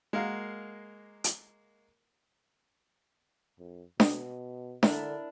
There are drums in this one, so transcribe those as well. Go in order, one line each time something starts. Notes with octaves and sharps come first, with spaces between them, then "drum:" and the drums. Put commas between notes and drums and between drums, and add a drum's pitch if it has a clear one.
G#3 A#3 F#4 A#4 F5
drum: hi-hat
F2
B2 D#5, drum: snare D4
D3 D4 E4 A#4, drum: snare D4